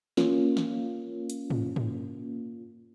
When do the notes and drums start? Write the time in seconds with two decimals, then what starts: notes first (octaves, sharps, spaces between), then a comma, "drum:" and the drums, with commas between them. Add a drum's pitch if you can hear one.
0.17 A#3 C#4 F4, drum: snare
0.57 drum: snare
1.30 drum: hi-hat
1.50 drum: tom
1.76 drum: tom